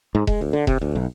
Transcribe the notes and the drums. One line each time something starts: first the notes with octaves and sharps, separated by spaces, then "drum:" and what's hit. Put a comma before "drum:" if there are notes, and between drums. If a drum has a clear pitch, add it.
G#2
G#3, drum: kick E1
D2
D3
C3, drum: kick E1
D2
B1